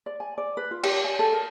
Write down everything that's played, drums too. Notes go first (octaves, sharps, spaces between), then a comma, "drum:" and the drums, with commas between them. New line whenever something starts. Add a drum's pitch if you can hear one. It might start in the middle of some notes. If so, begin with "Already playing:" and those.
D5
G#5
D5
B4
F4
G4, drum: cymbal
G#5
A4
A#4